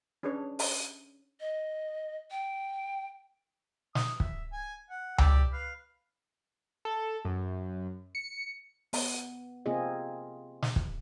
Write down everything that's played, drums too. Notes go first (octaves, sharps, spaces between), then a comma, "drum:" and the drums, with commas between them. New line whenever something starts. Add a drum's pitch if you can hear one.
C#4 D4 G#4 B4 C#5
drum: open hi-hat
D#5
G5
D#6, drum: snare
E5, drum: kick
G#5
F#5
G4 D5 E6, drum: tom C#2
B4 F5
A4
F#2
C#7
B3, drum: open hi-hat
C3 A#3 C4 F4 G#4 D#5
drum: snare
drum: kick